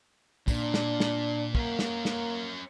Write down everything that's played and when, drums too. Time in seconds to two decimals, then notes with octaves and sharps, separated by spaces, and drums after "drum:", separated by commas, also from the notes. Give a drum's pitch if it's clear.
0.48 A#2 D4, drum: kick, tambourine
0.74 drum: snare
1.00 drum: snare
1.55 A#3 C#4 A#4, drum: kick
1.79 drum: snare
2.05 drum: snare